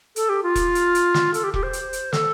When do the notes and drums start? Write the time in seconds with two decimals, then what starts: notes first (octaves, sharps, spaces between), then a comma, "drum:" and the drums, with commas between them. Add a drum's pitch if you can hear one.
0.16 A4, drum: hi-hat
0.29 G4
0.43 F4
0.55 drum: kick E1, hi-hat
0.75 drum: hi-hat
0.95 drum: hi-hat
1.14 drum: snare
1.34 A4, drum: hi-hat
1.44 G4
1.54 G4, drum: kick E1
1.63 C5
1.73 drum: hi-hat
1.93 drum: hi-hat
2.13 A4, drum: snare